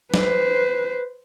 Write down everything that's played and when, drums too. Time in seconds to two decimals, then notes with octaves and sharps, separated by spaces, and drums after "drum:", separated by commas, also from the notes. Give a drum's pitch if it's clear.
0.14 B4 C5, drum: snare